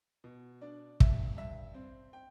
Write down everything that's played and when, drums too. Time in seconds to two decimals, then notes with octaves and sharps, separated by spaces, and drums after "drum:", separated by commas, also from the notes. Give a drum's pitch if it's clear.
0.24 B2
0.61 D4 D5
1.00 G2 E5, drum: kick
1.37 G2 E5
1.74 C4
2.13 G5